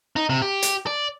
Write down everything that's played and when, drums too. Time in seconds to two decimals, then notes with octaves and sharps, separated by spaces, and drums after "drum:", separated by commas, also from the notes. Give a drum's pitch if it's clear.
0.16 D#4
0.29 C3
0.42 G4
0.62 drum: hi-hat
0.87 D5